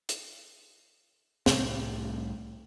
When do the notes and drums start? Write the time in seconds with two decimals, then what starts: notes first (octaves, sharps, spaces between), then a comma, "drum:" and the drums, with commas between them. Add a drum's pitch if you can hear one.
0.09 drum: hi-hat
1.46 C2 A2 C3 G3, drum: snare